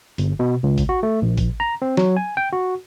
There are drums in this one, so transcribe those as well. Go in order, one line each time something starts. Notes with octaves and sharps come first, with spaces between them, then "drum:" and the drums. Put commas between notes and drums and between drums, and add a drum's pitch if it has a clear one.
G1, drum: hi-hat
B2
C#2
drum: kick A1, hi-hat
F#4
A3
A#1
drum: kick A1, hi-hat
A#5
C4
F#3, drum: snare
G#5
G5
F#4